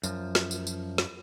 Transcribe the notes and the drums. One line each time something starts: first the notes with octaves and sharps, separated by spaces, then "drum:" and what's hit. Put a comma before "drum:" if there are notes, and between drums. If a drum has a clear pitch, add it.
F#2 F3, drum: tambourine
drum: snare
drum: tambourine
drum: tambourine
drum: snare